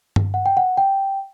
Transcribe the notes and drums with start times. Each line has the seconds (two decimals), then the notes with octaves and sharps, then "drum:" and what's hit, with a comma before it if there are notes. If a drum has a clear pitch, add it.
0.16 drum: tom G2
0.34 F#5
0.46 G5
0.57 F#5
0.77 G5